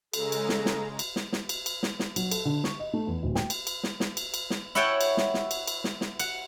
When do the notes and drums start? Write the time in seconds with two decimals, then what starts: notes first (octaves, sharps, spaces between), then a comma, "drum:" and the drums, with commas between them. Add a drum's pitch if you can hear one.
0.13 C#3 G#3 A4 A#5, drum: cymbal
0.32 drum: cymbal
0.49 drum: snare
0.66 drum: snare
0.99 drum: cymbal
1.16 drum: snare
1.33 drum: snare
1.49 drum: cymbal
1.66 drum: cymbal
1.83 drum: snare
1.99 drum: snare
2.16 F#3, drum: cymbal
2.31 A4, drum: cymbal
2.45 D3
2.64 C#6, drum: snare
2.79 D#5
2.93 A3
3.07 E2
3.23 D1
3.35 G5, drum: snare
3.50 drum: cymbal
3.67 drum: cymbal
3.83 drum: snare
4.00 drum: snare
4.17 drum: cymbal
4.34 drum: cymbal
4.50 drum: snare
4.75 E4 F#4 C#5 F#5 G5 A5
5.01 drum: cymbal
5.17 drum: snare
5.34 drum: snare
5.51 drum: cymbal
5.67 drum: cymbal
5.84 drum: snare
6.01 drum: snare
6.20 F#5, drum: cymbal